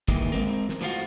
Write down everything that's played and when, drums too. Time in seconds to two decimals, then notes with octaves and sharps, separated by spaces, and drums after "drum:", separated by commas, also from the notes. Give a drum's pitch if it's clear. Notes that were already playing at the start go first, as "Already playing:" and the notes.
0.08 D#3 E3 G#3 A#3, drum: kick, hi-hat
0.32 G#3 C4 A#4
0.69 drum: snare
0.81 A2 F3 G#3 F4 F#4